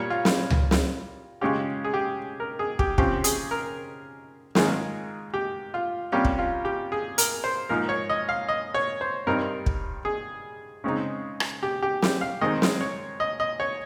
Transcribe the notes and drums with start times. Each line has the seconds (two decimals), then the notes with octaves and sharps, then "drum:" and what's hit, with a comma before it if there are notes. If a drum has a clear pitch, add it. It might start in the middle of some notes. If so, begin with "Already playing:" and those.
Already playing: A#2 G3 A#3 C#5
0.10 F4
0.25 drum: snare
0.50 drum: tom C#2
0.71 drum: snare
1.41 C#3 G#3 C#4 F4 G4
1.84 G#4
1.94 G4
2.40 A#4
2.59 G#4
2.79 G4, drum: kick
2.98 C#3 F3 C4 G4, drum: kick
3.24 G#4, drum: hi-hat
3.51 A#4
4.55 G#2 D#3 A#3 F4 G#4, drum: snare
5.34 G4
5.74 F4
6.12 C3 G3 A#3 C#4 F4 G4
6.25 drum: kick
6.39 F4
6.65 G4
6.92 G#4
7.18 A#4, drum: hi-hat
7.44 C5
7.69 G#2 F3 A#3 D#4 A#4
7.89 C#5
8.10 D#5
8.29 F5
8.49 D#5
8.74 C#5
9.01 C5
9.27 G2 G3 C4 D#4 A#4
9.66 drum: kick
10.05 G#4
10.84 C#3 G#3 C4 D#4
11.40 drum: rim click
11.63 G4
11.82 G4
12.02 G4, drum: snare
12.21 F5
12.41 D#3 G#3 C4 D#4 D#5
12.62 drum: snare
12.81 C#5
13.20 D#5
13.40 D#5
13.60 C#5